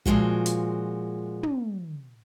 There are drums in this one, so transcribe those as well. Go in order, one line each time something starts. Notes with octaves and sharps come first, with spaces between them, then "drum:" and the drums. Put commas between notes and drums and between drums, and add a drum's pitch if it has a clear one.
A#2 F3 G#3 F4 F#4, drum: kick
drum: hi-hat
drum: tom